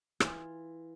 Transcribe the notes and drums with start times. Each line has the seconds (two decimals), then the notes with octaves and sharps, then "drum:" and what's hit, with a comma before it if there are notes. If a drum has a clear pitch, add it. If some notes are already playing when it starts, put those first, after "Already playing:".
0.20 E3 F4, drum: rim click